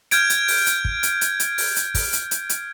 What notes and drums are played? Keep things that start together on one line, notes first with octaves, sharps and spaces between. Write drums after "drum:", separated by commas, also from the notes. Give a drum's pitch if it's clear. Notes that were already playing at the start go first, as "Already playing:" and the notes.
F6 G6 G#6 D7, drum: hi-hat
drum: hi-hat
drum: open hi-hat
drum: hi-hat
drum: kick
drum: hi-hat
drum: hi-hat
drum: hi-hat
drum: open hi-hat
drum: hi-hat
drum: kick, open hi-hat
drum: hi-hat
drum: hi-hat
drum: hi-hat